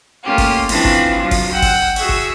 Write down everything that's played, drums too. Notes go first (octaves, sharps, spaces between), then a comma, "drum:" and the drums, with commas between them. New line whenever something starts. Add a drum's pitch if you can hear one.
A3 A#3 C#4 F4 G4
drum: kick G#1, open hi-hat
E3 F3 C4 D4 F4 F#4, drum: open hi-hat
drum: kick G#1
F3 F#3 F4
drum: kick G#1, open hi-hat
F#5 G5 E6
drum: kick G#1, open hi-hat
F#4 G#4 E5 C#6 E6, drum: open hi-hat
drum: kick G#1